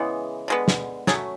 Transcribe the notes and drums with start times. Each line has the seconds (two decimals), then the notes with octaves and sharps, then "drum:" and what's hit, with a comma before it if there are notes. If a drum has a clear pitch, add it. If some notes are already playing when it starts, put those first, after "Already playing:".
Already playing: C#3 E3 G#3 B3
0.48 D3 G#3 B3
0.68 drum: snare
1.07 F#3 A3 C#4 G#4, drum: snare